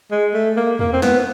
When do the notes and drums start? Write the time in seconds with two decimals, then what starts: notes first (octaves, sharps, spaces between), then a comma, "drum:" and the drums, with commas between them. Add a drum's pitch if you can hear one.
0.11 G#3
0.34 A3
0.57 A#3
0.79 A#3, drum: tom E2
0.93 C4
1.02 B3, drum: snare